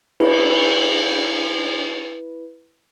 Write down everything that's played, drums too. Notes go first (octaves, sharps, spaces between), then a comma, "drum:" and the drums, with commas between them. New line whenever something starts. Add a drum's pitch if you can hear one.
E4 B4, drum: cymbal